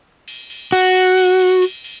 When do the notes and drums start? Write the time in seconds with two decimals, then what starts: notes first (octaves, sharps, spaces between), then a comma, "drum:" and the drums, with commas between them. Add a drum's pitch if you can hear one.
0.28 drum: cymbal
0.50 drum: cymbal
0.72 F#4, drum: cymbal
0.95 drum: cymbal
1.17 drum: cymbal
1.40 drum: cymbal
1.62 drum: cymbal
1.84 drum: cymbal